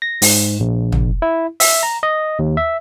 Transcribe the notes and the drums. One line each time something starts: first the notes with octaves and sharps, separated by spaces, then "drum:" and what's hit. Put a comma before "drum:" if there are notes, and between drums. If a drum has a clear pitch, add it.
A#6
G#2, drum: open hi-hat
A#1
drum: tom
E4
E5, drum: open hi-hat
A#5
D#5
D#2
E5